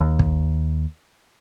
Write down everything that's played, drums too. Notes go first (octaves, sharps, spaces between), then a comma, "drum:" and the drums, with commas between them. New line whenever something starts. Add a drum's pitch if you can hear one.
D#2
drum: kick